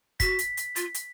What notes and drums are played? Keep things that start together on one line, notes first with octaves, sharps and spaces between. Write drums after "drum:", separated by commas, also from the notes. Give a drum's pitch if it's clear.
F#4 B6, drum: kick, hi-hat
drum: hi-hat
drum: hi-hat
F4, drum: hi-hat
drum: hi-hat